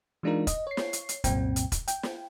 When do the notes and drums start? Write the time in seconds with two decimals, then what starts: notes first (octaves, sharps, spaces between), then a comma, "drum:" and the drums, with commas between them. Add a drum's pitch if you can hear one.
0.23 E3 G#3 D4 D#4 F4 A#4
0.47 D#5, drum: kick E1, hi-hat
0.67 C#5 C7
0.77 drum: snare
0.93 drum: hi-hat
1.09 drum: hi-hat
1.24 C2 F#2 A#2 C4 G5, drum: kick E1, hi-hat
1.56 drum: hi-hat
1.72 drum: kick E1, hi-hat
1.88 G5, drum: hi-hat
2.03 drum: snare